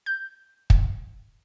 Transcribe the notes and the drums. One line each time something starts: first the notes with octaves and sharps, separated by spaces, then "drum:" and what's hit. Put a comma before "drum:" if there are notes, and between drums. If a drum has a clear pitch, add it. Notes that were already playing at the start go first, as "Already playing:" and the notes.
G6
drum: kick